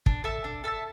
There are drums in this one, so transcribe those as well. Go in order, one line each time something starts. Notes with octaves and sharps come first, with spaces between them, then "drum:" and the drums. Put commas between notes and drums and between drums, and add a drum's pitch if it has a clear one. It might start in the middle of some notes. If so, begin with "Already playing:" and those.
D4, drum: kick
A4 E5 A5
D4
A4 E5 A5